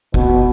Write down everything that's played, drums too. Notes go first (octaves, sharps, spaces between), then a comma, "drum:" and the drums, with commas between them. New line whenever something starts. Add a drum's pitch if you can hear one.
B2, drum: kick F#1